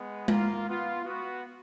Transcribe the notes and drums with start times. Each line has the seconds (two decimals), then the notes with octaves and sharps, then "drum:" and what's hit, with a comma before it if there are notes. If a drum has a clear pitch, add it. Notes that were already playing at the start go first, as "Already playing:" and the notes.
Already playing: G#3 B3
0.28 A#3 F4, drum: tom G#3
0.67 B3 F4
1.05 B3 F#4